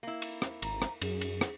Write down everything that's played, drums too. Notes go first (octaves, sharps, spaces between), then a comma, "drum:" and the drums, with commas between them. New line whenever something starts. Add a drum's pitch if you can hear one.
A#3 E4
drum: cymbal
drum: rim click
G#1 A#5, drum: cymbal
drum: rim click
F#2 G#4, drum: cymbal
drum: cymbal
drum: rim click